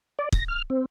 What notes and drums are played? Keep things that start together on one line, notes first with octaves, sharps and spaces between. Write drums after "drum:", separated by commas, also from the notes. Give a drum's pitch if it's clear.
D5
A#6, drum: kick
F6
C4